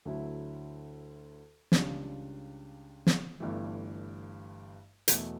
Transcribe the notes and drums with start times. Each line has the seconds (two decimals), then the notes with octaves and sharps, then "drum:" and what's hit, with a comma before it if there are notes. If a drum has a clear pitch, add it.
0.05 D2 D3 F#3 A3 E4
1.72 C#2 C#3 G3 D4, drum: snare
3.07 drum: snare
3.40 G1 G2 E3 A3
5.08 E2 B2 F#3 A3, drum: hi-hat